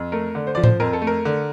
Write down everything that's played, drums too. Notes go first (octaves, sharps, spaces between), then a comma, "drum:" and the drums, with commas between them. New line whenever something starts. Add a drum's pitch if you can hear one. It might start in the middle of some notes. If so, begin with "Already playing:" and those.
Already playing: F2
A3 A#4
D3
C5
F3 D5
C5, drum: tom A2
F2 A#4
A4
A3
A#4
D3